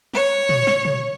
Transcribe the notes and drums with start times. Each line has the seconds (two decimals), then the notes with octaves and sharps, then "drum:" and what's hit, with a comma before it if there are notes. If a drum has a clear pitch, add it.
0.14 C#5, drum: snare
0.49 drum: tom
0.67 drum: snare
0.85 drum: tom